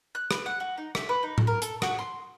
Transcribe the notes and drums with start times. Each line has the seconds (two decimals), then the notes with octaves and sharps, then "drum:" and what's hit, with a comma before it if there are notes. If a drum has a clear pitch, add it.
0.15 F#6
0.31 B4, drum: rim click
0.46 F#5
0.60 F#4
0.78 D#4
0.95 E5, drum: rim click
1.09 B4
1.23 D#4
1.38 drum: tom A2
1.47 A#4
1.62 A4, drum: hi-hat
1.82 F#4, drum: rim click
1.99 C6